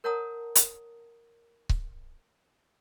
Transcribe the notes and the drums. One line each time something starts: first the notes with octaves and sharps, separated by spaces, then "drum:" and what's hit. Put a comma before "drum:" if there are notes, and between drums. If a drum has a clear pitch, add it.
A#4 C#5 F#5 A5 A#5 D#6
drum: hi-hat
drum: kick C#1